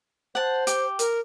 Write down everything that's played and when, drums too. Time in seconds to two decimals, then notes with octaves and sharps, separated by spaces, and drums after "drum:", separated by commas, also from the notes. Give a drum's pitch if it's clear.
0.35 C5 F#5 A5
0.67 G4, drum: hi-hat
0.99 A#4, drum: hi-hat